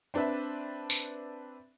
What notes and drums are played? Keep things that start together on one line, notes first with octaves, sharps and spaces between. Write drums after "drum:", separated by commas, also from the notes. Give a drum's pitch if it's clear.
C4 D4 B4 E5
drum: tambourine